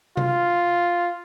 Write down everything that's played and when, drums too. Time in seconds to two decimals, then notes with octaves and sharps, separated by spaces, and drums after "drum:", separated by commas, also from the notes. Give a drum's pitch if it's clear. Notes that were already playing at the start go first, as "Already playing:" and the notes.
0.17 F4, drum: tom C3